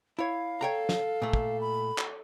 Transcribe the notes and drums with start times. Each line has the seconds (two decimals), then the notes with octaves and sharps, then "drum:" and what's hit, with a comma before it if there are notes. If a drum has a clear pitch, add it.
0.19 E4 C#5 F5
0.61 A4 C#5 G5 A#5
0.89 drum: snare
1.22 A#2 A3
1.33 drum: kick
1.61 B5
1.98 drum: clap